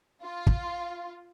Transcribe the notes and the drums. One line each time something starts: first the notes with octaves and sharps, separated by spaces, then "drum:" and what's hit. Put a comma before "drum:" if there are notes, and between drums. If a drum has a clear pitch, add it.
F4
drum: kick